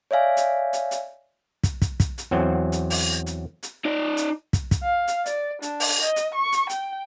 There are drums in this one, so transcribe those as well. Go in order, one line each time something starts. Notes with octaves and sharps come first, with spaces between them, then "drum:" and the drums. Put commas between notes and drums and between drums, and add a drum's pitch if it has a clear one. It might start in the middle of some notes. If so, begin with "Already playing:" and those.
C#5 D5 E5 F5 G#5
drum: hi-hat
drum: hi-hat
drum: hi-hat
drum: kick, hi-hat
drum: kick, hi-hat
drum: kick, hi-hat
drum: hi-hat
E2 F#3 C4 C5
drum: hi-hat
drum: open hi-hat
drum: hi-hat
drum: hi-hat
D#4 D5
drum: hi-hat
drum: kick, hi-hat
drum: kick, hi-hat
F5
drum: hi-hat
D5, drum: hi-hat
D4, drum: hi-hat
drum: open hi-hat
D#5
drum: hi-hat
C#6
drum: hi-hat
G5, drum: hi-hat